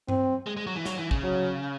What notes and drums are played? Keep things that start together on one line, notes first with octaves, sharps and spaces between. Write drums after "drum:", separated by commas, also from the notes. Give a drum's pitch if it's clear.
C4, drum: tom G2
G#3
G#3
F#3
E3
F#3, drum: snare
E3
C#3, drum: kick G#1
F#3